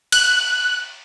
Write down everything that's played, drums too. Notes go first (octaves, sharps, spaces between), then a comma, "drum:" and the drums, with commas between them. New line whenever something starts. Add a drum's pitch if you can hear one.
F#6, drum: cymbal